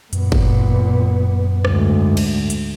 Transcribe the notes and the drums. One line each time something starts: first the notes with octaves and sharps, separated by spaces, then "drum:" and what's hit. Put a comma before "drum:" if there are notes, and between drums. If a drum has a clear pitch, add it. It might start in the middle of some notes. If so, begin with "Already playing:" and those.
F#2 A#2 B3, drum: hi-hat
drum: kick G1
D2 G#2, drum: rim click
drum: cymbal
drum: hi-hat